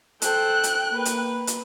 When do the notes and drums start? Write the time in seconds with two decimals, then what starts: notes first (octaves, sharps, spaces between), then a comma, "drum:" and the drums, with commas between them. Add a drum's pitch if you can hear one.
0.22 A4 C5 G5 F#6, drum: hi-hat
0.63 drum: hi-hat
0.91 A#3 B4
1.05 drum: hi-hat
1.47 drum: hi-hat